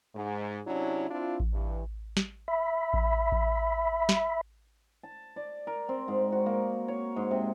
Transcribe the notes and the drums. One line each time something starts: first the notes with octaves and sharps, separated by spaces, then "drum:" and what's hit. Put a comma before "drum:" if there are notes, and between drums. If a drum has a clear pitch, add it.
G#2
C3 F#3 C#4 D4 E4
C4 D4 E4 F4
drum: kick A1
G2 E3
drum: snare
E5 B5
drum: kick A1
drum: kick A1
drum: snare
A5
D5
A#4
C4
G#2
F#4
A#3
C#5
G#2
C3